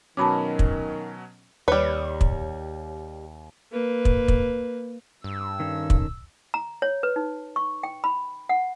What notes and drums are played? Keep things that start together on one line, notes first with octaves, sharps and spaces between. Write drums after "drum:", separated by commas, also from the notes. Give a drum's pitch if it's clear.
B2 D#3 F#3 C#4 A5 B5 D6
drum: kick
D#2 G3 B4 C#5
drum: kick
A#3 B4
drum: kick
drum: kick
G2 E6
D#3 C#4 A4
drum: kick
A#5
C#5
B4
D#4
C#6
G5
B5
F#5